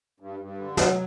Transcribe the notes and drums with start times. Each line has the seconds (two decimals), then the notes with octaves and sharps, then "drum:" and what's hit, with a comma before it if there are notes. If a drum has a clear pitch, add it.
0.20 G2
0.40 G2
0.58 D3
0.77 F#3, drum: snare